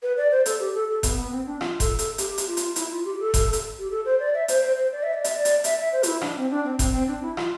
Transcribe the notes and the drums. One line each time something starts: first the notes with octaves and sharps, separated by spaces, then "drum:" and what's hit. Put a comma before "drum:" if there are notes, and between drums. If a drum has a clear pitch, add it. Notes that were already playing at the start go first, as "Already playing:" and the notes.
B4
D5
C5
A4, drum: hi-hat
G4
A4
A4
B3, drum: kick F1, hi-hat
B3
C4
D4
F4, drum: rim click
A4, drum: kick F1, hi-hat
A4, drum: hi-hat
G4, drum: hi-hat
drum: hi-hat
F4
drum: hi-hat
E4, drum: hi-hat
F4
G4
A4
drum: kick F1, hi-hat
drum: hi-hat
G4
A4
C5
D5
E5
C5, drum: hi-hat
C5
C5
D5
E5
D5
E5, drum: hi-hat
D5
drum: hi-hat
E5, drum: hi-hat
E5
C5
F4, drum: hi-hat
E4
D4, drum: rim click
C4
D4
C4
C4, drum: kick F1, hi-hat
C4
D4
E4
F4, drum: rim click